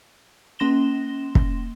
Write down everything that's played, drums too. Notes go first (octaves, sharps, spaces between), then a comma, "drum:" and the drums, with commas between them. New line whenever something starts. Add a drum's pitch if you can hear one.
A#3 C#4 C6 A#6 E7 G7
drum: kick